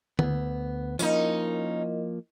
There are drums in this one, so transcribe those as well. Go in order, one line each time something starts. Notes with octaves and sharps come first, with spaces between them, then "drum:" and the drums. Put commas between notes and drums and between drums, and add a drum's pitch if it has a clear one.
D2 B3, drum: tom D3
F3 A#3 C#4 D#4 E4 A#4 D#5, drum: tambourine